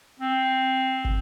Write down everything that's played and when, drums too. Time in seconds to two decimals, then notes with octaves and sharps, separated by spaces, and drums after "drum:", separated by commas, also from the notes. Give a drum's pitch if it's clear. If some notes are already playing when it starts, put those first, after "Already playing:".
0.20 C4
1.05 drum: kick